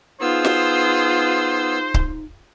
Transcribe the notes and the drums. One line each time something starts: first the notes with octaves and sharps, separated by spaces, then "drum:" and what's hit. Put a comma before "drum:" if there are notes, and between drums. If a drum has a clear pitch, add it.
B3 D#4 F4 G#4 C5 E6
drum: snare
drum: kick C#1